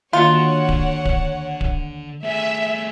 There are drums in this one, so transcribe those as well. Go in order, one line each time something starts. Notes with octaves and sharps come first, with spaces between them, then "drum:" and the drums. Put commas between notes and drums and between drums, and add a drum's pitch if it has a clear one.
D3 D#3 A#3 F4 F#4 A4 C#5 F#5
drum: kick D1
drum: kick D1
drum: kick D1
A3 G#4 E5